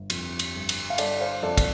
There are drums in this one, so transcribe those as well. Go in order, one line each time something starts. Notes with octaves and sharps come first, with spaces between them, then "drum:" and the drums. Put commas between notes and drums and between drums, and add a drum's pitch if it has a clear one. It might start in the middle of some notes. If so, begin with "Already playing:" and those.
Already playing: G1
F2, drum: cymbal
drum: cymbal
G1
drum: cymbal
F5
G1 A4 D5, drum: cymbal
C5 F5
F2 A4 D5
drum: kick, cymbal